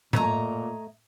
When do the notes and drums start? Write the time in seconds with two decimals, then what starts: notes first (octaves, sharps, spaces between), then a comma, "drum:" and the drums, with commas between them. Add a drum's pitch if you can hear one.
0.13 A#2 A3 C#5 D#5 A#5, drum: tom A2